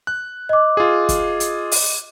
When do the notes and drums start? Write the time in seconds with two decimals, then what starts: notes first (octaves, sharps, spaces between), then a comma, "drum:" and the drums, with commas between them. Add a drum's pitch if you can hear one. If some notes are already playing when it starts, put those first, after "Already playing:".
0.07 F#6
0.49 D#5 D6
0.77 F4 G#4
1.09 drum: kick, hi-hat
1.40 drum: hi-hat
1.72 drum: open hi-hat